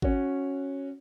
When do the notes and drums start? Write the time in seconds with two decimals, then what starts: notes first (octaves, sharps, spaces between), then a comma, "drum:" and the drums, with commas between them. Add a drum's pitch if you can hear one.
0.02 C#4 F#4, drum: kick G#1